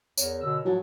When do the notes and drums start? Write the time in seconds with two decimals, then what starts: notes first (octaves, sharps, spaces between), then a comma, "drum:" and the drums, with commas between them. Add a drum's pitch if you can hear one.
0.18 E2 A#4 C#5, drum: tambourine
0.42 B2 D3 E6
0.65 D2 G#2 F3 F#3 G#5 A5